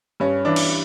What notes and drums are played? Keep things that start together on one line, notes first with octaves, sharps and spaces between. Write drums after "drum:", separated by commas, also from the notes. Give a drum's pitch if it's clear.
G2 C#4
E3 D4
drum: cymbal